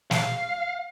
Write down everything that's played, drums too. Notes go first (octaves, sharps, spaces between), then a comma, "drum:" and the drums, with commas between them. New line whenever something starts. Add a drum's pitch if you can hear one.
F5, drum: snare